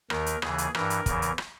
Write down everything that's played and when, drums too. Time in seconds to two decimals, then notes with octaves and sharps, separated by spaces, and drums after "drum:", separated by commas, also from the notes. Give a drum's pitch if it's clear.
0.10 D#2 D#3 A#4, drum: rim click
0.26 drum: hi-hat
0.42 D#2 C#3 E3 G#4, drum: rim click
0.58 drum: hi-hat
0.75 G2 E3 A#4, drum: rim click
0.90 drum: hi-hat
1.06 E2 C#3 E3, drum: kick, hi-hat
1.22 drum: hi-hat
1.38 drum: rim click